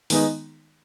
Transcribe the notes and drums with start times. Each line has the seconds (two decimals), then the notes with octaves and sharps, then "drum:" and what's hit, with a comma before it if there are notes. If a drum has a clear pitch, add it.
0.10 D#3 G#3 B3 D#4, drum: open hi-hat